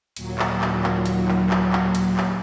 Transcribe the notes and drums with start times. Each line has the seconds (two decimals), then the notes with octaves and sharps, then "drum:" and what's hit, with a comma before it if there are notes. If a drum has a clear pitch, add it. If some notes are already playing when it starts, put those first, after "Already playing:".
0.16 D#2 A#2 F#3, drum: hi-hat
0.39 drum: clap
0.61 drum: clap
0.83 drum: clap
1.06 drum: hi-hat
1.28 drum: clap
1.50 drum: clap
1.72 drum: clap
1.95 drum: hi-hat
2.17 drum: clap